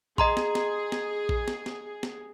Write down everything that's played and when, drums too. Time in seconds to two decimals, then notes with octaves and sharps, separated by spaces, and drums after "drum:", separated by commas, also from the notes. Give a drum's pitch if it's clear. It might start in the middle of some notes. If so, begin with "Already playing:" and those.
0.18 G#4 D#5 A#5 C6, drum: kick A#1
0.37 drum: snare
0.55 drum: snare
0.92 drum: snare
1.29 drum: kick A#1
1.48 drum: snare
1.66 drum: snare
2.03 drum: snare